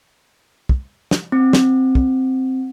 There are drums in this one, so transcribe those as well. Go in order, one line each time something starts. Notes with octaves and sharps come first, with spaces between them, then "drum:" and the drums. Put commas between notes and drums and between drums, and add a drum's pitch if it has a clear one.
drum: kick
drum: snare
C4
drum: snare
drum: kick